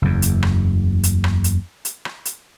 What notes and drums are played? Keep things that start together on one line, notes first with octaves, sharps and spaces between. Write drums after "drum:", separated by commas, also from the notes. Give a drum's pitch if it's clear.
F#1 E2
drum: hi-hat
drum: rim click
drum: hi-hat
drum: rim click
drum: hi-hat
drum: hi-hat
drum: rim click
drum: hi-hat